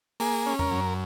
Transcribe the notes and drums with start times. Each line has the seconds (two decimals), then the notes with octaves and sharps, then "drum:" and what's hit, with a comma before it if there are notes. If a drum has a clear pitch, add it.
0.20 A#3 G#4, drum: open hi-hat
0.46 C#4
0.59 A#4, drum: tom E2
0.71 F#2